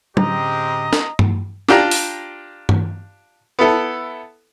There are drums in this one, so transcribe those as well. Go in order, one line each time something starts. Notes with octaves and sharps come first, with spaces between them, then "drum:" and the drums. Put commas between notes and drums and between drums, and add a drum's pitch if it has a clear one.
A2 D3 G#3 C4 C#4 G4 D#5 A#5, drum: tom
drum: snare
drum: tom G2
D4 F4 G4 A#5, drum: snare
drum: open hi-hat
drum: tom G2
B3 E4 A4